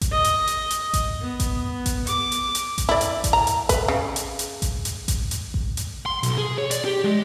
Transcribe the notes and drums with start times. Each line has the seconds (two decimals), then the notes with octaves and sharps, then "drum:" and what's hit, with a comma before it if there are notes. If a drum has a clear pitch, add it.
0.01 drum: kick A1, hi-hat
0.11 D#5
0.24 drum: hi-hat
0.47 drum: hi-hat
0.70 drum: hi-hat
0.94 drum: kick A1, hi-hat
1.21 B3
1.40 drum: kick A1, hi-hat
1.86 drum: kick A1, hi-hat
2.07 D6, drum: hi-hat
2.32 drum: hi-hat
2.55 drum: hi-hat
2.78 drum: kick A1, hi-hat
2.89 E4 D5
3.01 drum: hi-hat
3.24 drum: kick A1, hi-hat
3.33 A#5
3.47 drum: hi-hat
3.69 B4, drum: kick A1, hi-hat
3.88 C#3
4.16 drum: hi-hat
4.39 drum: hi-hat
4.62 drum: kick A1, hi-hat
4.85 drum: hi-hat
5.08 drum: kick A1, hi-hat
5.31 drum: hi-hat
5.54 drum: kick A1
5.77 drum: hi-hat
6.06 C6
6.23 B1, drum: hi-hat
6.38 G#4
6.58 C#5
6.71 D5, drum: hi-hat
6.85 G4
7.04 G#3